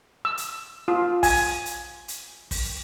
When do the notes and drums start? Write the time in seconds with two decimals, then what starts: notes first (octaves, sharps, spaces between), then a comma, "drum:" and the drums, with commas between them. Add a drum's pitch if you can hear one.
0.25 E6
0.38 drum: hi-hat
0.88 F4
1.23 G#5, drum: kick, open hi-hat
1.66 drum: hi-hat
2.08 drum: hi-hat
2.51 drum: kick, open hi-hat